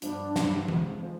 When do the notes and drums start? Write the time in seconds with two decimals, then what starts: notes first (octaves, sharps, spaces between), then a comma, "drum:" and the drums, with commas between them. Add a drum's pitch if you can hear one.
0.02 G2 F3 B3 D4 F4, drum: hi-hat
0.36 G2 F3 B3 F4, drum: snare
0.68 G#2 F3 G#3 C4, drum: tom E3
1.03 F3 G#3